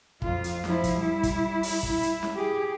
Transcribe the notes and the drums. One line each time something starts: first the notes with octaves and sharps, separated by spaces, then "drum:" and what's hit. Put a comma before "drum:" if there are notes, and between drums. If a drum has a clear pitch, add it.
F2 F4, drum: kick
drum: hi-hat
F3 E4, drum: snare C#4
drum: kick, hi-hat
G3 E4
drum: kick, hi-hat
drum: open hi-hat
drum: kick
E4
drum: hi-hat
drum: snare C#4
G4 G#4